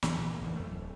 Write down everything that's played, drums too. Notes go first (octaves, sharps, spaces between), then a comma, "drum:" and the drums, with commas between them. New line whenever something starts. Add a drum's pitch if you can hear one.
A1 E2 C3, drum: snare
A#1 E2 A#2
F#1 E2 D#3 E3
F2 A3
D1